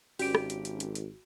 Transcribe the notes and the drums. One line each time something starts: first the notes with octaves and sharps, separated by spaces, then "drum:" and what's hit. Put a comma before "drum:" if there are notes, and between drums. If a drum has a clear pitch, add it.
G#1 C#4 F#4 G4 D5 D7, drum: open hi-hat
drum: rim click
drum: hi-hat
drum: hi-hat
drum: hi-hat
drum: hi-hat